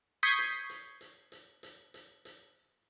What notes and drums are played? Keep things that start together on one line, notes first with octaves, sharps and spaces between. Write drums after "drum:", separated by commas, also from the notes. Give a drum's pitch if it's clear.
C#6 D#6 G6 G#6 B6 C7
drum: hi-hat
drum: hi-hat
drum: hi-hat
drum: hi-hat
drum: hi-hat
drum: hi-hat
drum: hi-hat